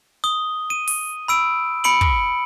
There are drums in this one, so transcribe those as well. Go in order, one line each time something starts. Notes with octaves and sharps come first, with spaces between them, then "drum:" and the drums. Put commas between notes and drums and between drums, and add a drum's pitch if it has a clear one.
D#6 G7
D#7
drum: open hi-hat
B5 E6 D7
B5 C#7 D7 F#7
drum: kick